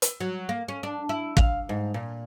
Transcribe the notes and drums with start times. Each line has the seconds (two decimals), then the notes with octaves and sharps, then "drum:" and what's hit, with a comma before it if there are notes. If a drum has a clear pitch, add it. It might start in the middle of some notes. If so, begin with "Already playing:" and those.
0.02 drum: hi-hat
0.20 F#3
0.49 A#3
0.68 C#4
0.83 D4
1.09 E4
1.37 F5, drum: kick
1.69 G#2
1.94 A#2